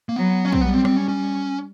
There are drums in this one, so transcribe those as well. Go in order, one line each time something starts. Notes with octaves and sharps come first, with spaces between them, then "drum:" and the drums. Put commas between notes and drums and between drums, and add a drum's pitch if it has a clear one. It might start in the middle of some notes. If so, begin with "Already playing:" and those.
A#3
F#3 B3
C#4
C4, drum: kick
G3 B3
C4
C4, drum: rim click
C#4
C#4